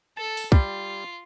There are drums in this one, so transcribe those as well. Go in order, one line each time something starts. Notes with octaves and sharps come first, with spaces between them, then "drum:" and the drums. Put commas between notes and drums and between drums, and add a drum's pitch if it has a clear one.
A4 A5
drum: open hi-hat
G3 F4, drum: kick